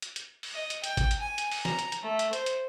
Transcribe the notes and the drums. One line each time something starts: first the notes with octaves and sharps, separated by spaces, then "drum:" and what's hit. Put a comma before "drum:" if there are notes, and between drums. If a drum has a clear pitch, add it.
drum: hi-hat
drum: hi-hat
drum: open hi-hat
D#5
drum: hi-hat
G5, drum: hi-hat
drum: kick G#1, hi-hat
drum: hi-hat
G#5
drum: hi-hat
drum: open hi-hat
A#5, drum: snare
drum: hi-hat
drum: hi-hat
A3
drum: hi-hat
C5, drum: hi-hat
drum: hi-hat